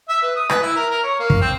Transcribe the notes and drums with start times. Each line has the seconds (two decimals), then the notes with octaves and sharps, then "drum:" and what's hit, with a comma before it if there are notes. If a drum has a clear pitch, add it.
0.09 E5
0.22 B4
0.36 D#6
0.50 B4, drum: rim click
0.63 E4
0.76 A#4
0.90 A#4
1.04 C#5
1.19 A#3
1.30 drum: kick
1.41 C4